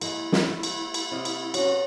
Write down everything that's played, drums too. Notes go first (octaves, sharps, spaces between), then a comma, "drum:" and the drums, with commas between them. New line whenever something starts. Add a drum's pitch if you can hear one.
G#3 A#3 E4, drum: cymbal
drum: snare
drum: cymbal
drum: cymbal
C3 D#5 F5
drum: cymbal
F#3 B3 C#4 F#4, drum: cymbal